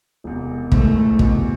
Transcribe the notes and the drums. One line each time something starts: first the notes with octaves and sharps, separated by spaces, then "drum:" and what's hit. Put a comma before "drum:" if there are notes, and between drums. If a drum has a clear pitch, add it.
E1 E2 C3
G#1 G#2 E3 A3, drum: kick
F1 E2 B2, drum: kick